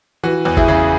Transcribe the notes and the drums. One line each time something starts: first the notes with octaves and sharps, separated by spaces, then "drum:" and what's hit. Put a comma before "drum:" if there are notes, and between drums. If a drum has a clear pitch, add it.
E3 F#4
E2
E4 G#4, drum: kick
C#3